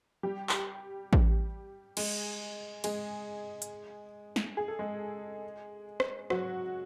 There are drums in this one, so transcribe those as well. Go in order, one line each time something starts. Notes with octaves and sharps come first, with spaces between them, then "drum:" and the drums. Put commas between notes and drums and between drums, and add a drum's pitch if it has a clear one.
G3 G4
drum: clap
drum: kick A1
G#3 G#4, drum: cymbal
G#3 G#4, drum: cymbal
drum: hi-hat
drum: snare
G#4
A4
G#3 G#4
drum: rim click
F#3 F#4, drum: rim click